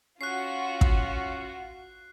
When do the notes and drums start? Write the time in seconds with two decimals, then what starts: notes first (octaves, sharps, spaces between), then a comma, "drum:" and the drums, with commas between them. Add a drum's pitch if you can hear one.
0.21 C#4 F4 F#4 F#6 C7
0.81 drum: kick